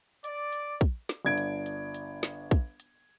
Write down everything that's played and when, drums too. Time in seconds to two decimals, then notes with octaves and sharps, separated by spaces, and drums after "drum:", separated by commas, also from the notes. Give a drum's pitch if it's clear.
0.24 D5, drum: hi-hat
0.53 drum: hi-hat
0.81 drum: kick, hi-hat
1.09 drum: snare
1.25 G1 D4 G#6 D7
1.38 drum: hi-hat
1.66 drum: hi-hat
1.95 drum: hi-hat
2.23 drum: snare
2.51 drum: kick, hi-hat
2.80 drum: hi-hat